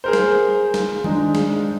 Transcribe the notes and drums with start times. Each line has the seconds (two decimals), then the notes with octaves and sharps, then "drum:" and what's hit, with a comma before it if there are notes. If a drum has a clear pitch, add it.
0.04 G#4 A#4 C5
0.13 drum: snare
0.74 drum: snare
1.04 G#3 D4 D#4, drum: tom D#3
1.35 drum: snare